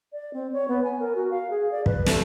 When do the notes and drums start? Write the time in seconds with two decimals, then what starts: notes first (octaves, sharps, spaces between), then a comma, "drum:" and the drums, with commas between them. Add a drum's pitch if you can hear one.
0.13 D5
0.33 C4
0.53 C#5
0.68 B3
0.84 G#5
1.00 A#4
1.16 F#4
1.31 F5
1.51 G#4
1.72 D5
1.86 B4, drum: kick
2.06 A3, drum: snare